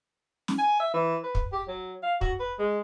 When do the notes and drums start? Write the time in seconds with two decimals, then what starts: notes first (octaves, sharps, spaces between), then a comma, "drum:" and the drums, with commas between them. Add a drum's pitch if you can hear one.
0.48 drum: snare
0.59 G#5
0.80 E5
0.94 E3
1.24 B4
1.35 drum: kick
1.53 G4
1.68 F#3
2.03 F5
2.21 F#4, drum: kick
2.40 B4
2.59 G#3